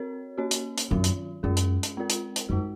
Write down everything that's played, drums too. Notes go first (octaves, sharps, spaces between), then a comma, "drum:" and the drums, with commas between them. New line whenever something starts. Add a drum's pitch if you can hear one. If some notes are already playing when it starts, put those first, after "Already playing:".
Already playing: C4 F#4 A#4 C#5
A#3 C#4 F#4 C#5
drum: hi-hat
drum: hi-hat
F#2 D#3 F#3 C#4 F4
drum: hi-hat
F#2 G#3 C#4 F4 G#4
drum: hi-hat
drum: hi-hat
G#3 C4 F4 A#4
drum: hi-hat
drum: hi-hat
F#2 G#3 D#4 F#4